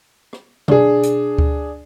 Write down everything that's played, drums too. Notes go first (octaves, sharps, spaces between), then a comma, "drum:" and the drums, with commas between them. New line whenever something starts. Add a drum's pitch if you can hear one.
drum: rim click
D4 G#4, drum: tom B2
drum: hi-hat
drum: kick D2